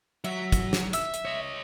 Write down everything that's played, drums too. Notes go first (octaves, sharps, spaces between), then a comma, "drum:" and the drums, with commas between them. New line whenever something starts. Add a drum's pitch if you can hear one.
F#3 E5
drum: kick, hi-hat
drum: snare
E5 E6, drum: hi-hat
drum: hi-hat
C#5 D#5